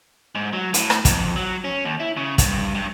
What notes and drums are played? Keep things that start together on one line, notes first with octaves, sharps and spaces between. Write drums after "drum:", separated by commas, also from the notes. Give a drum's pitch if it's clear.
G#2
F#3
A2, drum: hi-hat
drum: rim click
F2, drum: kick, hi-hat
F#3
C#4
D#2
E4
C#3
G2, drum: kick, hi-hat
G2